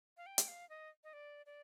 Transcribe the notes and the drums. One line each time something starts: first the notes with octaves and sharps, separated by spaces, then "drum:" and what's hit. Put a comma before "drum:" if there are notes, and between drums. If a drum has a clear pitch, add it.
F5
G5
drum: hi-hat
F5
D#5
D#5
D5
D5